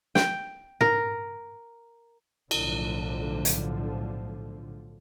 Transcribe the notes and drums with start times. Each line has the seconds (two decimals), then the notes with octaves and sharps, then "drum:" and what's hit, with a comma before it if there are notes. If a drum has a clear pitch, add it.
0.15 G5, drum: snare
0.81 A#4, drum: tom
2.51 B1 A2 D3 F3, drum: cymbal
3.45 drum: hi-hat